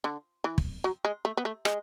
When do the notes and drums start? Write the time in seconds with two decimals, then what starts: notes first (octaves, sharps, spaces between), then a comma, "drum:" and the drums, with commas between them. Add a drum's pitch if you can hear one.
0.04 D3
0.44 E3
0.58 drum: kick
0.84 F#3
1.05 G#3
1.25 A3
1.37 B3
1.45 A3
1.65 G#3, drum: rim click